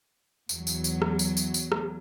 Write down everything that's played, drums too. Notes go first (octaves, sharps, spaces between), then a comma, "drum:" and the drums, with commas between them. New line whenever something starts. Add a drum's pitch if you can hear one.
E2 F#3, drum: tambourine
drum: tambourine
drum: tambourine
drum: rim click
drum: tambourine
drum: tambourine
drum: tambourine
drum: rim click